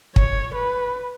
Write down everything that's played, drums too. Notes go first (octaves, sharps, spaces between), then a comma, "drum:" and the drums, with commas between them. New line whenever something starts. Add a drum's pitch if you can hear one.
C#5, drum: kick
B4